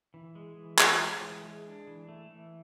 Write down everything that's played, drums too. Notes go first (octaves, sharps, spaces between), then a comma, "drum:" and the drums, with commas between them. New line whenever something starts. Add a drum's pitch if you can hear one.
E3
G#3
E3
G#3, drum: clap
G#3
E3
G#3
D4
E3
A3
E3